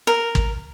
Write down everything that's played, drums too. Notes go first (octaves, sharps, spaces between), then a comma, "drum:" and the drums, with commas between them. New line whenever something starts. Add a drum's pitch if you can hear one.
A#4
drum: kick